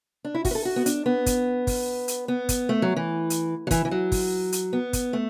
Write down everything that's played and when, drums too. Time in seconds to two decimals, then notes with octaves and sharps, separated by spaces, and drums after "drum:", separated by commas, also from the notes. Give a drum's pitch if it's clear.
0.24 D4
0.34 E4
0.45 F#4, drum: kick, open hi-hat
0.51 B4
0.55 A4
0.65 F#4
0.76 B3
0.86 D4, drum: hi-hat
1.06 B3
1.26 drum: kick, hi-hat
1.67 drum: kick, open hi-hat
2.08 drum: hi-hat
2.28 B3
2.49 drum: kick, hi-hat
2.69 A3
2.82 F#3
2.96 E3
3.30 drum: hi-hat
3.67 F#3
3.71 E3, drum: kick, hi-hat
3.85 E3
3.91 F#3
4.12 drum: kick, open hi-hat
4.52 drum: hi-hat
4.73 B3
4.93 drum: kick, hi-hat
5.13 A3